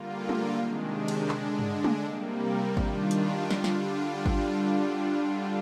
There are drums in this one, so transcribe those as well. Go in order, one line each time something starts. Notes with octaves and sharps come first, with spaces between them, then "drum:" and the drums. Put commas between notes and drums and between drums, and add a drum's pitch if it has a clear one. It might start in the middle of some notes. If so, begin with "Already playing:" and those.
Already playing: D3 G3 A#3 F4
drum: tom G#3
C3 D#3 G#3 D4
drum: cymbal
D3 G#3 D4, drum: clap
drum: tom
drum: tom G#3
C3 G3 A#3
D#3 G3 D4 F4, drum: kick G#1
drum: hi-hat
D3 G3 D4 F4, drum: snare
drum: snare
drum: kick G#1